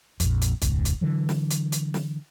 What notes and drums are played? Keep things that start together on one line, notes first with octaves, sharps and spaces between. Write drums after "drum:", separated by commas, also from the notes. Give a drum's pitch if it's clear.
A#1 F2, drum: hi-hat
drum: hi-hat
E1 C#2 G#2, drum: kick, hi-hat
drum: hi-hat
D3 E3 F#3
drum: snare
drum: hi-hat
drum: hi-hat
drum: snare